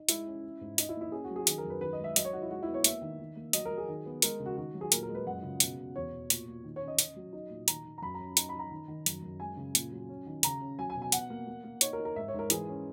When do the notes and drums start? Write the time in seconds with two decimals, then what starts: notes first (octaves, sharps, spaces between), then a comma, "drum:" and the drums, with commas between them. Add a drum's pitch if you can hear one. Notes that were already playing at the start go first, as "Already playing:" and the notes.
Already playing: D#4
0.09 G#3 E4, drum: hi-hat
0.27 C#4
0.44 C#4
0.61 G#2
0.78 D#4, drum: hi-hat
0.89 E4
0.96 A#3
1.01 E4
1.12 C#4 G#4
1.24 F#4
1.30 F#3
1.36 G#4
1.47 D#3 G#4, drum: hi-hat
1.58 A#4
1.65 F#2
1.70 B4
1.81 D#3 B4
1.93 D#5
1.99 G#3
2.04 E5
2.16 F#3 D#5, drum: hi-hat
2.25 C#5
2.33 D#4 F#4
2.42 E4
2.50 G#3 F#4
2.63 B3 E4
2.74 C#5
2.84 A#3 E5, drum: hi-hat
3.02 D#3
3.19 D#3
3.36 A#3
3.53 F#3 D#5, drum: hi-hat
3.65 A#4
3.71 F#3
3.77 G#4
3.88 D#3
4.06 B3
4.22 G#3 A#4, drum: hi-hat
4.40 C#3
4.46 F#4
4.57 D#3 F#4
4.74 F#3
4.81 G#4
4.92 A#2 A#4, drum: hi-hat
5.03 A#4
5.09 G#3
5.15 B4
5.27 F#2 F#5
5.43 C#3
5.60 B2, drum: hi-hat
5.79 B2
5.95 E2 C#5
6.13 B2
6.30 A#2, drum: hi-hat
6.47 A#2
6.64 D#3
6.76 C#4 C#5
6.88 D#5
6.99 C#4, drum: hi-hat
7.16 F#3
7.33 D#4
7.50 A#2
7.68 D#3 A#5, drum: hi-hat
7.85 D#3
7.98 A#5
8.02 F#2 B5
8.14 C#4 A#5
8.37 D#4 A#5, drum: hi-hat
8.49 B5
8.54 D#4 A#5
8.71 D#3
8.88 D#3
9.06 F#2, drum: hi-hat
9.22 F#2
9.40 G#3 G#5
9.57 C#3
9.75 A#2, drum: hi-hat
9.92 F#3
10.09 C#4
10.26 D#3
10.43 C#3 A#5, drum: hi-hat
10.60 C#4
10.78 F#3 G#5
10.90 G#5
10.95 B2
11.02 G#5
11.12 B2 F#5, drum: hi-hat
11.30 A#3
11.47 A#3
11.64 A#3
11.81 D#4 C#5, drum: hi-hat
11.93 A#4
11.99 D#4
12.05 A#4
12.16 G#2 E5
12.28 C#5
12.34 G#2 A#4
12.50 E3 G#4, drum: hi-hat
12.68 C#4